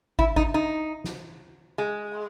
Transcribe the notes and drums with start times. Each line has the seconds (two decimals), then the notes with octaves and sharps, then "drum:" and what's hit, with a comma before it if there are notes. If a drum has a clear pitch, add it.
0.19 E4, drum: kick
0.36 D#4, drum: kick
0.54 D#4
1.04 drum: snare
1.78 G#3